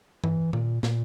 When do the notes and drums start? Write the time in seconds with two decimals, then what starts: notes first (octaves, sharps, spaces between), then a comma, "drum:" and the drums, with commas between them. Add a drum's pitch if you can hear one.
0.24 E3, drum: tom G2
0.53 A#2, drum: tom D#3
0.83 A#2, drum: snare